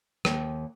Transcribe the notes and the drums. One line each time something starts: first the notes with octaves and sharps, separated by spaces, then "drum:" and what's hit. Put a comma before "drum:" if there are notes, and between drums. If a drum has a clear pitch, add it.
D#2, drum: rim click